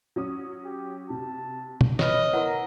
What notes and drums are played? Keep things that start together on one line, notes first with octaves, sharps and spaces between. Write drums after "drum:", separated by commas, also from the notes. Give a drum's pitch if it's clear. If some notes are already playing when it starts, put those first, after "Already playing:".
F#3 C#4 D#6
G4
C3 A5
drum: tom
B4 C#5 D#5 F6, drum: snare
B3 E4 A#4 F#5 A#5 C6